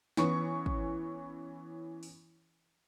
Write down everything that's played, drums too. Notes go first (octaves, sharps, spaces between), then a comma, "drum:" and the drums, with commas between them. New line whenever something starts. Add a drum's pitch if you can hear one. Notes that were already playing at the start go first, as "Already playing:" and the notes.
E3 B3 C#4 C#6, drum: snare
drum: kick
drum: open hi-hat